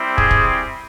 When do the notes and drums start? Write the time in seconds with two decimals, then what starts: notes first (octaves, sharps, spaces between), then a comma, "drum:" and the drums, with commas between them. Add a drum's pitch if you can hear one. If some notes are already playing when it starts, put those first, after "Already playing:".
Already playing: G3 C4 E4
0.18 G#4, drum: kick
0.31 drum: kick